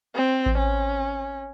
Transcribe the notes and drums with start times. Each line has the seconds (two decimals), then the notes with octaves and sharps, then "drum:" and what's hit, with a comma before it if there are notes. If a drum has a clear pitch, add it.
0.15 C4
0.46 drum: kick A1
0.58 C#4